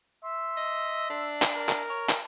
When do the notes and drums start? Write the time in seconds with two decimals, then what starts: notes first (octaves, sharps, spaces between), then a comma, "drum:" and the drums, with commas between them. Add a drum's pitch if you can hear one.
0.24 E5 C6
0.57 D#5
1.10 D4
1.42 drum: clap
1.55 A#4
1.69 drum: clap
1.90 C#5
2.09 drum: clap